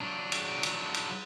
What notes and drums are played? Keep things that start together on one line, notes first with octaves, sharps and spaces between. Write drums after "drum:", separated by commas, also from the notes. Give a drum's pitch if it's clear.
F#3 D4
drum: cymbal
drum: cymbal
drum: cymbal